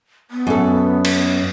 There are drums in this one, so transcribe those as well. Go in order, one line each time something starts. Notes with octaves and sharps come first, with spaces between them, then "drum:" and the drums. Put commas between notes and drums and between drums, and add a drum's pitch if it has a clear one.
B3
F#2 A4
drum: cymbal